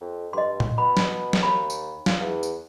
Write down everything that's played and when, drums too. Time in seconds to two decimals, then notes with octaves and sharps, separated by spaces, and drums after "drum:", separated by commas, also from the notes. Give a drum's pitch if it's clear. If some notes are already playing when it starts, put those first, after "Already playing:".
0.01 F2
0.33 G2 D#5 C6
0.60 drum: tom A#2
0.78 B2 B5
0.97 drum: snare
1.33 drum: snare
1.43 D#2 B5
1.70 drum: tambourine
2.06 F4, drum: snare
2.20 E2
2.43 drum: tambourine